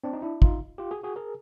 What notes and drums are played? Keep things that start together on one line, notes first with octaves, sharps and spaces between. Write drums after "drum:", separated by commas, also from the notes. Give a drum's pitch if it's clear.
C4 D4
D#4
D4 E4
D#4 F4, drum: kick
F4 G4
F#4 G#4
F#4 G#4
G#4 A#4